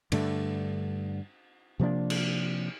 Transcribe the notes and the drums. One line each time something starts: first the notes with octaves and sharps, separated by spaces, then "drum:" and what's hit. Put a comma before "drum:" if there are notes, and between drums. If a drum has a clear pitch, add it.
G2 D3 A3, drum: cymbal
C3 F3 A#3 D4
drum: cymbal